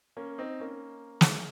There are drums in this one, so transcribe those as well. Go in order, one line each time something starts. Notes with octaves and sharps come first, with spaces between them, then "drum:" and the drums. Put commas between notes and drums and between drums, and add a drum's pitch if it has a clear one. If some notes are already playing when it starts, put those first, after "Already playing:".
A#3 C#4
C4 D#4
A#3 C#4
drum: snare